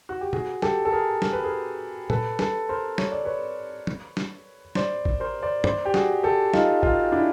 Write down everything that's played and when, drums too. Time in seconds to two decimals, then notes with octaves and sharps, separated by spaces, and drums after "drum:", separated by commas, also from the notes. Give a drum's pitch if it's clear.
0.09 F#4
0.21 G4
0.33 F#4 G#4, drum: tom
0.62 G4 A4, drum: snare
0.85 A4
0.92 G#4 A#4
1.22 A#4, drum: snare
1.33 B4
1.44 G#4 A#4
2.10 A4 B4, drum: tom
2.39 A4 B4, drum: snare
2.69 A#4 C5
2.98 C#5, drum: snare
3.12 D5
3.25 B4 C#5
3.87 drum: tom
4.17 drum: snare
4.75 C5 D5, drum: snare
5.05 drum: kick A1
5.20 A#4 C5
5.42 C5 D5
5.64 C5 D5, drum: tom
5.85 G4
5.94 F#4 G#4, drum: snare
6.23 G4 A4
6.54 D#4 F4, drum: snare
6.83 D#4 F4, drum: kick A1
7.12 D4 E4